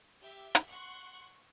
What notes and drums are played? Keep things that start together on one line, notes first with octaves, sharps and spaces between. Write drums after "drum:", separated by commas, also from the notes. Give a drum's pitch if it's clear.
G4 E5
drum: hi-hat
F#5 C6 C#6 F#6